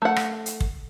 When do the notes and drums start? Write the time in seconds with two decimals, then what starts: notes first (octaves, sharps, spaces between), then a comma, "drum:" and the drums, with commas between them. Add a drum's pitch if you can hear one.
0.02 A3 F#5
0.16 drum: rim click
0.46 drum: hi-hat
0.60 drum: kick